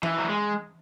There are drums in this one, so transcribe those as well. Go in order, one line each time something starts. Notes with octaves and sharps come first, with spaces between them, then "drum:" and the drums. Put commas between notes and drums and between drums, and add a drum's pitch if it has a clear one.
E3, drum: tom E3
F#3
G#3